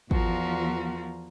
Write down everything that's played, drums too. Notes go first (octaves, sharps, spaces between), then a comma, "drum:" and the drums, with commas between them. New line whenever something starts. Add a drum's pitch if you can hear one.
E2 F3 F4 F#4 A#4, drum: kick